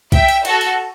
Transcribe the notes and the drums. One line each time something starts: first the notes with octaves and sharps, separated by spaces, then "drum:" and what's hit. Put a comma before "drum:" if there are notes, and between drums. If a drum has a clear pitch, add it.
E5 G5, drum: kick, cymbal
drum: cymbal
F#4 A4, drum: cymbal
drum: cymbal